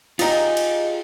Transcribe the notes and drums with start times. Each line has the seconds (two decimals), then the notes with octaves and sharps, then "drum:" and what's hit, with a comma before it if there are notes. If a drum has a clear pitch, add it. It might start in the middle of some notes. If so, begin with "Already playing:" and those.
0.19 D#4 F4 G4 G#4, drum: cymbal
0.57 drum: cymbal